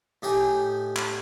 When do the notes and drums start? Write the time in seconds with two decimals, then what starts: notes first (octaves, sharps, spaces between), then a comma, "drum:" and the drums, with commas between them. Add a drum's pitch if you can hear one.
0.22 A2 D#4 G4 G5 G#5
0.97 drum: clap